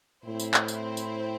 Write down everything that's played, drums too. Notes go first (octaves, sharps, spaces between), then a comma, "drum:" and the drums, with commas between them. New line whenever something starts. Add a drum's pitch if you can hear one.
A2 C4 E4 C5
drum: tambourine
drum: clap
drum: tambourine
drum: tambourine